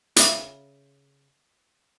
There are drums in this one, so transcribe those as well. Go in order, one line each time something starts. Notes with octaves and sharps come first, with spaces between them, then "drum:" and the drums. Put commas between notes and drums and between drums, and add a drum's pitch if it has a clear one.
C#3 E5, drum: hi-hat